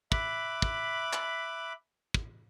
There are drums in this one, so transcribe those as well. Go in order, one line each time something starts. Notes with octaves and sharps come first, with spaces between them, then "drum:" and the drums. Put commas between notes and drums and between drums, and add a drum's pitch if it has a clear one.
E5 B5 D6 F#6, drum: kick
drum: kick
drum: clap
drum: kick